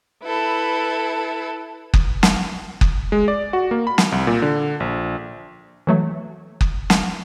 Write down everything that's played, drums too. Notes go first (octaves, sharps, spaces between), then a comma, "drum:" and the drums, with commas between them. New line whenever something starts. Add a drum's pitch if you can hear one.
E4 A4 B4
drum: kick F#1
drum: snare
drum: kick F#1
G#3
D5
F#4
A#3
B5
drum: snare
C2
A#2
D3
A#1
E3 F#3 A3
drum: kick F#1
drum: snare